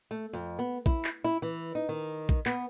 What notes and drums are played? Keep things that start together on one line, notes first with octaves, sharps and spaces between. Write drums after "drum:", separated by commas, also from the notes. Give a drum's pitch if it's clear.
A3
F2
B3
E4, drum: kick A#1
drum: clap
E4
E3
D#4
D#3
drum: kick A#1
B3, drum: clap